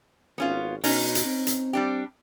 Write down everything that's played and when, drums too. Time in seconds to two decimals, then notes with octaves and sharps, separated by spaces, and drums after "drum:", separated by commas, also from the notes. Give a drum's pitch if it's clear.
0.38 G#1 B3 C#4 F4
0.84 B2 C#4 D#4, drum: open hi-hat
1.15 drum: hi-hat
1.25 C4
1.47 drum: hi-hat
1.73 G3 D4 G4